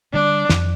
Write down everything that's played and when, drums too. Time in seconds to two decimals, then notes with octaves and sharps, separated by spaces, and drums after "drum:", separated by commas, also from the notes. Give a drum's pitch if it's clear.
0.13 D3 G3 D4
0.49 F2, drum: snare